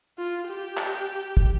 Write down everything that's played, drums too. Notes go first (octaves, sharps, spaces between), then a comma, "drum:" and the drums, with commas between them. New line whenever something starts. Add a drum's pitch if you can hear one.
F4
G4
drum: clap
drum: kick